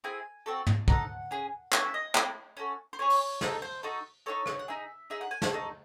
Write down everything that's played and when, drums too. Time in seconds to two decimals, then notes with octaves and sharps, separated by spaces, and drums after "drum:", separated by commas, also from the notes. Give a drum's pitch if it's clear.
0.04 C4 E4 G#4 G#5
0.46 C4 F#4 A4
0.67 drum: tom
0.88 D#4 A4 F#5, drum: kick
1.31 C#4 G#4
1.72 C#4 F#4 A4 E5, drum: clap
1.94 D#5
2.15 C4 E4 A4, drum: clap
2.57 C#4 F#4 A4
2.93 C5
2.99 C#4 G#4 C#5
3.10 drum: open hi-hat
3.41 A3 D#4 A4 C5, drum: snare
3.62 C5
3.83 D#4 F#4 A4
4.26 D#4 F#4 A4 C#5
4.46 drum: rim click
4.59 F#5
4.68 D#4 G#4 E5
5.10 D#4 G#4 E5
5.21 F#5
5.31 G#5
5.42 A5, drum: snare
5.52 D#4 F#4 A4